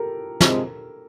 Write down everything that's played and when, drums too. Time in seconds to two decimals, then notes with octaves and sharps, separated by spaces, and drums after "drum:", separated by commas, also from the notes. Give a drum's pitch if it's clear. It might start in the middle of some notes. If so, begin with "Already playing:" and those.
Already playing: G4 A4 A#4
0.41 C3 F3 G#3, drum: snare